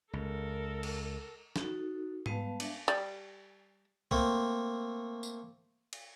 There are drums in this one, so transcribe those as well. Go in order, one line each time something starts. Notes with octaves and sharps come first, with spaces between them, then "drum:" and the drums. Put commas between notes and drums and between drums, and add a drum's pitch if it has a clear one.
C#2 A4 A#4
drum: cymbal
D#4 F#4 A4, drum: snare
G3 G#3 B3 B4 F5 A5, drum: tom G#2
D4 E5 F5, drum: cymbal
G3, drum: hi-hat
A3 A#3 C4, drum: kick
drum: tambourine
drum: cymbal